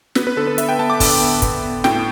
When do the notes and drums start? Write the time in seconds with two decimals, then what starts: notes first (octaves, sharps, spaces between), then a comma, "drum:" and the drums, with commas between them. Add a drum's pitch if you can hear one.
0.15 B3 B4, drum: snare
0.27 B4
0.37 D3 A4
0.47 B4
0.58 B3 E5, drum: hi-hat
0.69 G5
0.79 B3 A5
0.90 D6
1.00 D3 A5, drum: kick, open hi-hat
1.21 B3
1.42 B3, drum: kick, hi-hat
1.64 B3
1.84 A2 G5, drum: snare